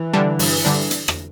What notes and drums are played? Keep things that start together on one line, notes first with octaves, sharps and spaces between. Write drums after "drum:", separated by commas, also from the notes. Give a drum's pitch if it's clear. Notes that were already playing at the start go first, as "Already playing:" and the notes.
Already playing: E3
D3 G3 D4
G2, drum: open hi-hat
D3 G3 D4
drum: hi-hat
drum: rim click